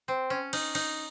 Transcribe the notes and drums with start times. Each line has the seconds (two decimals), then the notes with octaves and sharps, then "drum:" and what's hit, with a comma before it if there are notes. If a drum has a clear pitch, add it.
0.08 C4
0.30 C#4
0.53 D#4, drum: cymbal
0.75 D#4, drum: cymbal